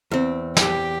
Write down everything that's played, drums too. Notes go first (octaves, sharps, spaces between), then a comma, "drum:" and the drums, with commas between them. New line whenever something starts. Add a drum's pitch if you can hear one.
E2 C4
G4, drum: snare